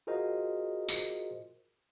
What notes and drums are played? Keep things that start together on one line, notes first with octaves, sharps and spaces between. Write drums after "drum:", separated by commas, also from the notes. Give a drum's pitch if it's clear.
F4 F#4 G#4 A#4 C5 D#5
drum: tambourine